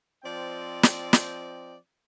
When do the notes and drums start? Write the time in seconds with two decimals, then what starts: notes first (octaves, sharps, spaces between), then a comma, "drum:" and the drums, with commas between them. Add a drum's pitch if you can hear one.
0.24 F3 C4 D5 D#5 G5
0.83 drum: snare
1.13 drum: snare